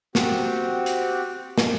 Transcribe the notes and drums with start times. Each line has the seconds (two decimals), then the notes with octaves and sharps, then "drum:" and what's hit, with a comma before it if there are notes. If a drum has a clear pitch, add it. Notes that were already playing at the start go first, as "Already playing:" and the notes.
0.15 C4 F#4 G4, drum: snare
0.86 drum: hi-hat
1.58 drum: snare